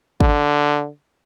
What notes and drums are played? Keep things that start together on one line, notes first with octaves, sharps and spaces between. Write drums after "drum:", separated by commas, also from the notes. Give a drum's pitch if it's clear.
D3, drum: kick